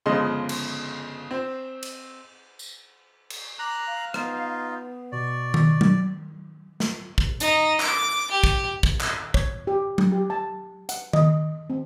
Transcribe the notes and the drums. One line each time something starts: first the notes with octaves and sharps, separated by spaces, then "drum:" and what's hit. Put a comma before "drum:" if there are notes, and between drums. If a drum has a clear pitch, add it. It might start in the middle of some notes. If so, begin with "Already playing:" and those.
G1 C#3 F3 G#3 D#5 C6
drum: cymbal
C4
drum: cymbal
drum: tambourine
drum: cymbal
A#5 D6 F#6
F5
B3 D#4 F4, drum: rim click
B2 D5 C#6
drum: tom D#3
drum: tom F#3
drum: snare
drum: kick
D#4, drum: hi-hat
D6, drum: clap
G4
drum: kick
drum: kick
drum: clap
C#5, drum: kick
G4
drum: tom F#3
G4
A5
F#5, drum: hi-hat
D#5, drum: tom D#3
C4